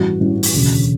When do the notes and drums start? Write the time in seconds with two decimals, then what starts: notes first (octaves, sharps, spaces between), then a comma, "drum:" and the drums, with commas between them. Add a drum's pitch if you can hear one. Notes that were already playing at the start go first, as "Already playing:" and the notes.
Already playing: A1 G2 E3 F#4
0.20 A1 G2 E3
0.43 drum: open hi-hat
0.54 E1 D2 C#3